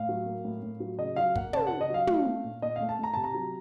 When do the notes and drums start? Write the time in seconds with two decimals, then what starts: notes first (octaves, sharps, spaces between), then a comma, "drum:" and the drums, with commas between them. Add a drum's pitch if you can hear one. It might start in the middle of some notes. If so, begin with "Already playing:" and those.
Already playing: A2 F5
0.09 F#3
0.26 A#3
0.44 A2
0.62 A2
0.80 F#3
0.99 C#3 D#5
1.16 F#3 F5
1.36 A#3 F#5, drum: kick
1.53 C#3 A5, drum: tom
1.67 F#5
1.72 C#3
1.81 D#5
1.90 F#3 F5
2.07 A3, drum: tom
2.25 A3
2.44 A#2
2.62 A#2 D#5
2.76 A3 F5
2.89 A5
2.99 A3 A#5
3.14 C3 A5
3.24 A#5
3.34 F#3